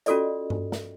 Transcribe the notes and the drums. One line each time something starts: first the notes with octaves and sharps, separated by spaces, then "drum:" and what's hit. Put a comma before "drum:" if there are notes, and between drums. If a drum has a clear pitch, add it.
C#4 F4 F#4 A4 D5 D#5, drum: hi-hat
drum: tom G2
drum: snare